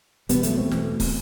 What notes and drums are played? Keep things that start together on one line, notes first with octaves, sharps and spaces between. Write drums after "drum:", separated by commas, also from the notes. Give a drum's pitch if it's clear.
E2 B2 G3 B3, drum: hi-hat
F#3 A3, drum: hi-hat
A3 C4
E2 B2, drum: snare
drum: kick, open hi-hat